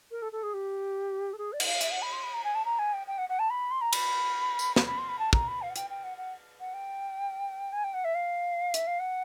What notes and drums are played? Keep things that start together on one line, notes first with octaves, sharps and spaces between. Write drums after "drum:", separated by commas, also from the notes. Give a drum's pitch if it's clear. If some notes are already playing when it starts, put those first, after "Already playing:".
A#4
A4
A4
G#4
G4
A4
G#4
D5
F#5, drum: cymbal
F5
E5, drum: hi-hat
F#5
B5
C6
B5
A#5
G#5
A5
A#5
G#5
G5
G5
F#5
F#5
A5
B5
C6
A#5
B5, drum: cymbal
drum: tambourine
B5, drum: snare
B5
C6
B5
A5
A#5, drum: kick
B5
F5
F#5
G5, drum: hi-hat
G5
F#5
F#5
F#5
G5
G#5
G5
F#5
E5
F5
E5, drum: hi-hat
F5
F#5